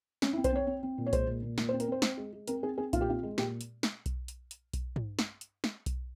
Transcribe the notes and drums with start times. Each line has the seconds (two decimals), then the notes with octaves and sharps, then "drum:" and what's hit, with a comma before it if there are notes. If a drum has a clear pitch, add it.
0.22 C4 C#4, drum: snare
0.33 E4
0.37 C4
0.44 C5, drum: kick B1, hi-hat
0.52 C4 C#5
0.67 C4
0.83 C4
0.98 A#2
1.06 C#5
1.13 G#3 C5, drum: kick B1, hi-hat
1.27 A#2
1.43 A#2
1.58 A#2, drum: snare
1.69 C5
1.73 C4
1.80 A#4, drum: hi-hat
1.88 C4 C5
2.02 C4, drum: snare
2.17 G#3
2.33 G#3
2.47 C4 A#4, drum: hi-hat
2.63 C4 G#4
2.78 C4 G#4
2.93 A#2 F4, drum: kick B1, hi-hat
3.01 G4
3.08 C4 F4
3.23 G#3
3.38 A#2 G4, drum: snare
3.61 drum: hi-hat
3.83 drum: snare
4.06 drum: kick B1, hi-hat
4.28 drum: hi-hat
4.51 drum: hi-hat
4.73 drum: kick B1, hi-hat
4.96 drum: tom
5.19 drum: snare
5.41 drum: hi-hat
5.64 drum: snare
5.86 drum: kick B1, hi-hat